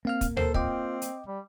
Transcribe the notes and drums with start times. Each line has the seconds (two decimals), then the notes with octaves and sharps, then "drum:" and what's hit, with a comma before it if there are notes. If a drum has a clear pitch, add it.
0.05 A#3 C4 F5 F6
0.21 drum: kick, hi-hat
0.37 A4 A#4 C5, drum: tom D2
0.54 C4 F4 D#5 G5 D6, drum: kick
1.02 drum: hi-hat
1.27 G3